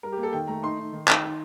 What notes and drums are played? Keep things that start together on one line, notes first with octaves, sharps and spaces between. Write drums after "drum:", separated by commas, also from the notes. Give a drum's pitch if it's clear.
G3 A#4
G4
A#3
A4
D#3 G5
A3 A#5
D#4 C6
D#4
D#3
D#3, drum: clap
D#4